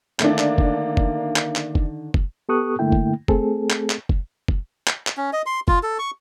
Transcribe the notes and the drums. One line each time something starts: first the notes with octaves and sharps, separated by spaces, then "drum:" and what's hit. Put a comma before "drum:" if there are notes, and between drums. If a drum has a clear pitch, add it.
D3 D#3 A3 A#3 D4, drum: clap
drum: clap
drum: kick F1
drum: kick F1
drum: clap
drum: clap
drum: kick F1
drum: kick F1
B3 G4 A4 C#6 D#6 F#6
G2 D3 A3 A#3 E4 G5
drum: kick F1
A3 C4 G#4 A4, drum: kick F1
drum: clap
drum: clap
drum: kick F1
drum: kick F1
drum: clap
drum: clap
C#4
D#5
C6
F4, drum: kick F1
A4
C#6